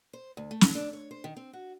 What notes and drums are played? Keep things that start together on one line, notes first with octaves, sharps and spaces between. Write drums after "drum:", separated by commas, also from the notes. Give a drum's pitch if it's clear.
C5
D2
A3
drum: snare
D4
C#5
C5
D#3
C4
F#4